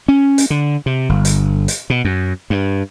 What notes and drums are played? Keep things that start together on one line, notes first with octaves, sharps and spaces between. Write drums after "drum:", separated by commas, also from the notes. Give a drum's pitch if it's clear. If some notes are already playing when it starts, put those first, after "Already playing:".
C#4
drum: hi-hat
D3
C3
G1
drum: hi-hat
drum: hi-hat
B2
F#2
G2